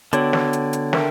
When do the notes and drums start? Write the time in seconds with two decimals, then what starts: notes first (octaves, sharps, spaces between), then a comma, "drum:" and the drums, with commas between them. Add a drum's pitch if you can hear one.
0.13 D3 B3 F#4 C#5 G5, drum: hi-hat
0.33 drum: snare
0.53 drum: hi-hat
0.73 drum: hi-hat
0.93 D4 A#4 E5 G5, drum: snare